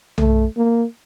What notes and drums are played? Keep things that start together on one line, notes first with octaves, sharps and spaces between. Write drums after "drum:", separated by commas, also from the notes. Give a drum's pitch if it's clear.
A3, drum: tom B1
A#3